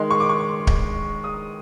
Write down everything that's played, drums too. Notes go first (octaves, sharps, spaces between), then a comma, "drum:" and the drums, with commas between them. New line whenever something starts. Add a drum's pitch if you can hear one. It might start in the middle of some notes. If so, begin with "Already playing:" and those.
Already playing: D#3 G#3 C6
C#6
D6
C#6
drum: kick D1
D#6